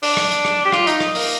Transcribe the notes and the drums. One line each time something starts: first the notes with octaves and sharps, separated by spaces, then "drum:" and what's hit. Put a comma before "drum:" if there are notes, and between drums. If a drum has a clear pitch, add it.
D4, drum: open hi-hat
drum: rim click
drum: hi-hat
drum: rim click
G4
F4, drum: rim click
D#4, drum: hi-hat
drum: rim click
A#3, drum: open hi-hat